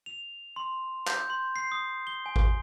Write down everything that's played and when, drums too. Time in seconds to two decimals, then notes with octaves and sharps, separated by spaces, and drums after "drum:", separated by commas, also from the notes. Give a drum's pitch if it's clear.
0.06 F7
0.56 C6
1.07 G6, drum: clap
1.30 C6
1.56 C7
1.72 D#6
2.07 G7
2.26 G#5
2.36 drum: kick G#1